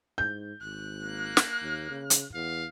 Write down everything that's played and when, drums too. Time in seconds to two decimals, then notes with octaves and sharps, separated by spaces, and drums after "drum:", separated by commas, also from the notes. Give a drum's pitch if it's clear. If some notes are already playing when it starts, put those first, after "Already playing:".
0.18 G#2 G6
0.62 G#1 F#6
1.00 A#3
1.37 drum: snare
1.62 D#2
1.90 C#3
2.10 drum: hi-hat
2.34 E2 F5